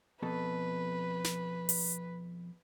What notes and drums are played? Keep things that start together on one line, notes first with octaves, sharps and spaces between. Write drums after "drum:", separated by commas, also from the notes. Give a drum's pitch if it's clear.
F2 B2 A4 B4
drum: snare
drum: open hi-hat